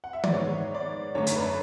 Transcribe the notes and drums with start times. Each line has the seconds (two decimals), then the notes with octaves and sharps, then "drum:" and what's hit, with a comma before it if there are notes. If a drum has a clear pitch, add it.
0.04 F#5
0.13 E5
0.24 D5, drum: tom D#3
0.32 G#2 G#3 B3 C#5
0.74 D5
1.15 F#2 D3 A3 C#5
1.27 drum: hi-hat
1.36 B4